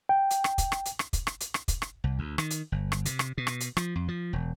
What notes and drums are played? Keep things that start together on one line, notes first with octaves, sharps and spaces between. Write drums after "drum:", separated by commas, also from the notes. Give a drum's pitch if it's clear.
G5
drum: hi-hat
drum: rim click
drum: kick, hi-hat
drum: rim click
drum: hi-hat
drum: rim click
drum: kick, hi-hat
drum: rim click
drum: hi-hat
drum: rim click
drum: kick, hi-hat
drum: rim click
C2
D2
D#3, drum: rim click
drum: hi-hat
G1
drum: rim click
C3, drum: hi-hat
drum: rim click
B2
drum: rim click
drum: hi-hat
F3, drum: rim click
F2
F3
E1